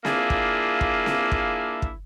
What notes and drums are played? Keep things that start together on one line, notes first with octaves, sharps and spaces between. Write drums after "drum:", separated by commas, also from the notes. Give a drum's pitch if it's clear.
A#3 D4 E4 F4 G#4, drum: snare C4
drum: kick
drum: kick
drum: snare C4
drum: kick
drum: kick